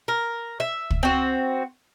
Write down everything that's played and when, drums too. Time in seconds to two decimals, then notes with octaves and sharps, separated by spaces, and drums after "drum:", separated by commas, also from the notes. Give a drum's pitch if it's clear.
0.08 A#4
0.60 E5
0.90 drum: kick
1.03 C4 F#4